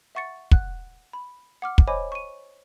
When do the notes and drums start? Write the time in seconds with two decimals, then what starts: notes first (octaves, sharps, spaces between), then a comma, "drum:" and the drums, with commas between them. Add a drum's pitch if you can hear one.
0.15 E5 F#5 C#6 A6 C#7
0.51 F#5 F#6, drum: kick
1.13 B5
1.62 F#5 D6 F6
1.78 drum: kick
1.87 C5 C#5 D#5 G#5 B5 D6
2.12 C#6 D#7